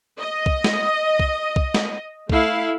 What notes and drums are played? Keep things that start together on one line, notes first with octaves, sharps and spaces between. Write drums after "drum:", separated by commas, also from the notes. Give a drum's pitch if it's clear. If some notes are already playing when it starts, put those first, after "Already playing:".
D#5
drum: kick
drum: snare
drum: kick
drum: kick
drum: snare
A3 E4 F5, drum: kick